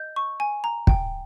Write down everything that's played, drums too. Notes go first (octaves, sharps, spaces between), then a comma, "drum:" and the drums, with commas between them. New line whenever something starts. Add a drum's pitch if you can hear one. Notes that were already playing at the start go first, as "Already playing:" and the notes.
Already playing: D#5 G6
C#6
G#5
A#5
G5, drum: kick